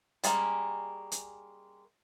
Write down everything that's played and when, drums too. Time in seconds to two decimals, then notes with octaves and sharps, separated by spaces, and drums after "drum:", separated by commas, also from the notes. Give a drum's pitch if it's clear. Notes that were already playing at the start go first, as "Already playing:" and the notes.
0.24 G3 G#3 A#3 C#4, drum: hi-hat
1.12 drum: hi-hat